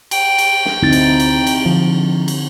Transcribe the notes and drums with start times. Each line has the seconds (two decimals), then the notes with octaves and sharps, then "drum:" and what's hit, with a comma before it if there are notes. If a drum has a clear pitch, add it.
0.11 G5, drum: cymbal
0.38 drum: cymbal
0.65 drum: snare
0.83 D2 C4 D#4 E4 A6
0.93 drum: cymbal
1.20 drum: cymbal
1.47 drum: cymbal
1.65 D3 F3
2.28 drum: cymbal